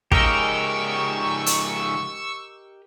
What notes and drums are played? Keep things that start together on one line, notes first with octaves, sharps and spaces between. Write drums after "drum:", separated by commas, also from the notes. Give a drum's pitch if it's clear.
G#2 C#3 G4 A#4 D#5 C#6 E6, drum: kick
drum: hi-hat